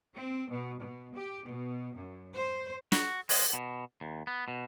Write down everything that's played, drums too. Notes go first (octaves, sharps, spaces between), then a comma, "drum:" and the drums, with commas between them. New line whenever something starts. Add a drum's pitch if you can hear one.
C4
B2
B2
G4
B2
F#2
C5
F#4, drum: snare
G#3, drum: open hi-hat
B2
D#2
B3
B2